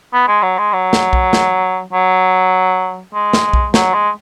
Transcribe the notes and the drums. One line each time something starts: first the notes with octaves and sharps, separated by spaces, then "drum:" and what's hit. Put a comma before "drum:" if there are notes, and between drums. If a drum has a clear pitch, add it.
B3
G#3
F#3
G#3
F#3
drum: snare
drum: kick B1
drum: snare
F#3
G#3
drum: snare
drum: kick B1
F#3, drum: snare
G#3